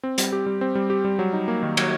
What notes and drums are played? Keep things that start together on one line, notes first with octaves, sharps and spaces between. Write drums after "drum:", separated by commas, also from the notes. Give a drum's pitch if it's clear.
C4
G3, drum: hi-hat
G4
G3
C4
G3
G4
G3
F#3
D#4
A#3
D#3
F#3, drum: cymbal